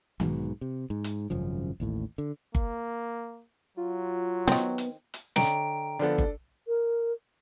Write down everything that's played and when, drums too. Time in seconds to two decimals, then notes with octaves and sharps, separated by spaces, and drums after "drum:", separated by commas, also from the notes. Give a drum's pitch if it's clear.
0.20 B1 G#2 B2, drum: tom D#3
0.61 C3
0.90 G#2
1.04 drum: hi-hat
1.30 G#1 F#2 C#3 F3
1.80 A1 D#2 A2
2.18 D3
2.55 A#3, drum: kick G1
3.77 F#3 F4
4.48 D#3 B3 C4, drum: snare
4.78 drum: hi-hat
5.14 drum: hi-hat
5.36 D3 C#5 D#5 G5 A#5 D7, drum: snare
5.99 D3 F3 B3 D4 A4
6.18 drum: kick G1
6.68 A#4